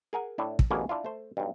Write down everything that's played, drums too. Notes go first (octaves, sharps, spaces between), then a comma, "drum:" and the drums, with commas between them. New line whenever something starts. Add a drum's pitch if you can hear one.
G#4 A#4 F#5 G#5
A2 D4 E4
drum: kick
A1 D2 B2 A#3 G#4 C#5
D4 E4 F4
A3 C5
B1 G2